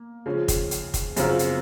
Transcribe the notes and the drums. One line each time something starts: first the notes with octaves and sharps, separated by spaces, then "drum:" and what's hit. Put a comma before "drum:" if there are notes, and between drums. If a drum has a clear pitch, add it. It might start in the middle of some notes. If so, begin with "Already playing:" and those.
Already playing: A#3
C#3 F3 G#3 C#4
drum: kick, hi-hat
drum: hi-hat
drum: kick, hi-hat
F#2 C#3 F#3 C4 F4, drum: hi-hat
drum: hi-hat